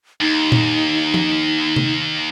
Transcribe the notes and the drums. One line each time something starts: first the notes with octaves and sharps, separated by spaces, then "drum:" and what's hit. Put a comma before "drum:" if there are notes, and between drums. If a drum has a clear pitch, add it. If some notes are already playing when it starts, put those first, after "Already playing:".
D#2 D#4
drum: tom A#2
drum: tom F3
drum: tom C3